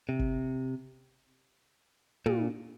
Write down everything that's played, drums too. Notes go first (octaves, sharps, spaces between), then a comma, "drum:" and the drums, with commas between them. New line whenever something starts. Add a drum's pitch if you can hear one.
C3
drum: kick
A#2, drum: tom